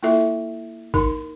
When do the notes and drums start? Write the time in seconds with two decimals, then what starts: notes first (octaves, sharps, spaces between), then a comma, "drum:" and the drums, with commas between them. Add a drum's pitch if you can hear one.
0.03 A#3 E4 F4 A4 E5
0.94 D#4 A#4 C6, drum: kick